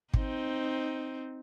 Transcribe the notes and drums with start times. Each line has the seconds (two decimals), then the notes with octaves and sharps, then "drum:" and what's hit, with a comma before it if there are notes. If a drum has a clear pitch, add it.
0.14 C4 D#4, drum: kick